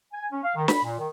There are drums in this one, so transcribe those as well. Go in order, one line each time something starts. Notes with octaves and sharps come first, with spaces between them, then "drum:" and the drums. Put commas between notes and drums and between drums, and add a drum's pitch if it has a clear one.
G#5
C#4
F5
D#3
B5, drum: snare
A#2
D#3